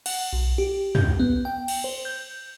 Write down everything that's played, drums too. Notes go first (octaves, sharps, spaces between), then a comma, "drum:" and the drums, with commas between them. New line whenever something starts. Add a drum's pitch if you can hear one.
F#5, drum: cymbal
B1
G4
G6, drum: tom
B3
G5
drum: cymbal
C5
G6